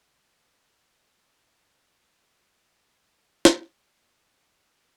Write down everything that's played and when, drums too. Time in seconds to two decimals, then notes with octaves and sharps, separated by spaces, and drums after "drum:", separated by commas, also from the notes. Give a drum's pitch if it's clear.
0.14 G4
0.64 B2 E3 F3 A#3
0.97 A#3 C4
1.36 E4
2.45 B5 C#6
3.45 drum: snare